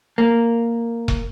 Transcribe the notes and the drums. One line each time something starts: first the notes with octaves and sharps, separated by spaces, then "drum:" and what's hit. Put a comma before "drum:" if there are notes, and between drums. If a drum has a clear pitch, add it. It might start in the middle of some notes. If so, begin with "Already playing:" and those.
A#3
drum: kick E1